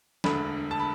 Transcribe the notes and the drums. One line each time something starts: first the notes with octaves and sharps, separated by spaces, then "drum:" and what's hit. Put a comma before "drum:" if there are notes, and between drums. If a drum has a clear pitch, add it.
E1 D2 D3 B5, drum: snare
A5
B5